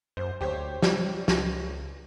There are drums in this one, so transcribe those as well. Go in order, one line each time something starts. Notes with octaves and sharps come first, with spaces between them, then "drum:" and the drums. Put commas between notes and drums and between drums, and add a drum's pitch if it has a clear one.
F#2 C5
D2 G4 C5 C#5
G3, drum: snare
C#2, drum: snare